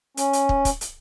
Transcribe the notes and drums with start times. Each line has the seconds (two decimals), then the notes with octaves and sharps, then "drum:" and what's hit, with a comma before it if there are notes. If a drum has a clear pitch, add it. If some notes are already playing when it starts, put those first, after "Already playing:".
0.17 C#4, drum: hi-hat
0.33 drum: hi-hat
0.49 drum: kick
0.65 drum: kick, hi-hat
0.81 drum: hi-hat